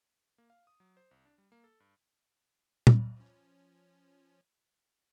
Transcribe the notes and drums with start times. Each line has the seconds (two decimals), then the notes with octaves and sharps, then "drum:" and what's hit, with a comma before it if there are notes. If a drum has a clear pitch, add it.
0.38 A#3
0.50 F5
0.67 D#6
0.80 F#3
0.97 C5
1.11 C2
1.25 D4
1.38 G3
1.52 A#3
1.64 A4
1.80 G2
2.87 drum: tom A#2
3.16 F3 C#4